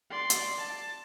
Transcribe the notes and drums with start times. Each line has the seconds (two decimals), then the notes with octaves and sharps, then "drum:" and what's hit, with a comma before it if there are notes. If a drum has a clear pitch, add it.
0.10 D5 C6
0.30 drum: hi-hat
0.58 A5